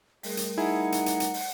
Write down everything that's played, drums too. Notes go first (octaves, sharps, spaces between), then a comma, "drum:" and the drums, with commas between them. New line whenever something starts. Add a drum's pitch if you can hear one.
G3 A3 G#4 A#4, drum: open hi-hat
drum: hi-hat
D#4 E4 G#4 F#5
drum: hi-hat
drum: hi-hat
drum: hi-hat
drum: open hi-hat